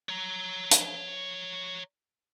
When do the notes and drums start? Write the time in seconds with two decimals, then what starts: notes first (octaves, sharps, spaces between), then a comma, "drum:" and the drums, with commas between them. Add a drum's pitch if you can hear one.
0.09 C#5 A#5
0.71 drum: hi-hat